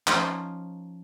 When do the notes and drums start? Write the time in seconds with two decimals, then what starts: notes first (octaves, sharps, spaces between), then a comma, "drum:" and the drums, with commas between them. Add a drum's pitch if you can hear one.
0.07 F3 A#3 C#4 D#4 F4 C5, drum: clap